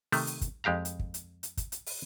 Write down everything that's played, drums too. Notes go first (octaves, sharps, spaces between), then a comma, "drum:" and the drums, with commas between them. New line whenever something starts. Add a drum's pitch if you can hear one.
C3 D#3 A3, drum: open hi-hat
drum: hi-hat
drum: kick, hi-hat
F2 G#3 G4 F5 A#5
drum: hi-hat
drum: kick
drum: hi-hat
drum: hi-hat
drum: kick, hi-hat
drum: hi-hat
drum: open hi-hat